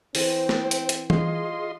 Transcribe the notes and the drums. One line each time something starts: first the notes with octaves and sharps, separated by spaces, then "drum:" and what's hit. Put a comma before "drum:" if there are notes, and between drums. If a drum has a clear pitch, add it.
E3 C4 C5, drum: open hi-hat
drum: snare
drum: hi-hat
drum: hi-hat
F4 G#4 D#5 C6, drum: tom E3